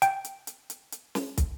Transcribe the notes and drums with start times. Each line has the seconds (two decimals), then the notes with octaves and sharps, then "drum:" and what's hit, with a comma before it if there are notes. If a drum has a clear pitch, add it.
0.02 G5, drum: hi-hat
0.25 drum: hi-hat
0.47 drum: hi-hat
0.70 drum: hi-hat
0.92 drum: hi-hat
1.15 drum: snare
1.38 drum: kick, hi-hat